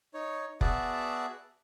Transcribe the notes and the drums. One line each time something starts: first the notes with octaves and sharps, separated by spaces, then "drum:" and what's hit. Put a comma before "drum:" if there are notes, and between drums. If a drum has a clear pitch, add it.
D#4 C#5
B3 F#4 G#4 D5 E5 A5, drum: kick F1